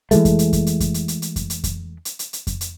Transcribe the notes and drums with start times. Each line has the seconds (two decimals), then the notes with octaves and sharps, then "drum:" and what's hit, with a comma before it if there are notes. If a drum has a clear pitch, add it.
0.11 E3 F3 G#3 A3, drum: hi-hat
0.25 drum: kick F2, hi-hat
0.39 drum: hi-hat
0.53 drum: kick F2, hi-hat
0.67 drum: hi-hat
0.80 drum: kick F2, hi-hat
0.94 drum: hi-hat
1.08 drum: hi-hat
1.22 drum: hi-hat
1.36 drum: kick F2, hi-hat
1.50 drum: hi-hat
1.64 drum: kick F2, hi-hat
2.05 drum: hi-hat
2.19 drum: hi-hat
2.33 drum: hi-hat
2.47 drum: kick F2, hi-hat
2.61 drum: hi-hat